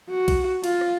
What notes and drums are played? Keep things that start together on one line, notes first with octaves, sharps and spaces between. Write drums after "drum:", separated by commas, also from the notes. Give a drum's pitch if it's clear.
F#4
drum: kick B1, cymbal
F4, drum: cymbal
drum: rim click